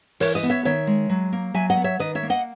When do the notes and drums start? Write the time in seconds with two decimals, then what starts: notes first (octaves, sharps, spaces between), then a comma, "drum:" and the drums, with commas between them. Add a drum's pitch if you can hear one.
0.20 E3 A#4 C#5, drum: open hi-hat
0.35 B4 D#5
0.43 B3
0.50 C#5 E5
0.65 D#3 C#5 E5
0.87 G#3
1.10 F#3
1.33 A#3
1.54 F#3 E5 G#5
1.70 D#5 F#5
1.77 B3
1.84 C#5 E5
1.99 D#3 B4 D#5
2.15 C#5 E5
2.23 A#3
2.30 D#5 F#5